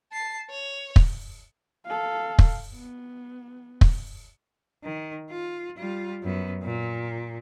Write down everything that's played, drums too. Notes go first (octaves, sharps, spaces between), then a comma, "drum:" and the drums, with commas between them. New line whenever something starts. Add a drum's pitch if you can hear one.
A5 C7
C#5
drum: kick
A4 F5
drum: kick
B3
drum: kick
D#3
F4
G3 F4
F#2 B3
A#2